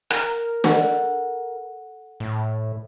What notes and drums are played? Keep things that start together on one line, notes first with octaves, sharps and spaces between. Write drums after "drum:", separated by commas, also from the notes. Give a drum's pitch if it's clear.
A#4, drum: rim click
A4 F#5, drum: snare
A2